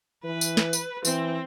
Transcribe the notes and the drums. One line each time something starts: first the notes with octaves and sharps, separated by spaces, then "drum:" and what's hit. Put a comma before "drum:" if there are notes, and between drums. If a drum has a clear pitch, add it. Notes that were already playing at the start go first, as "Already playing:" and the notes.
E3 B4
drum: tambourine
drum: snare
drum: tambourine
E3 C4, drum: tambourine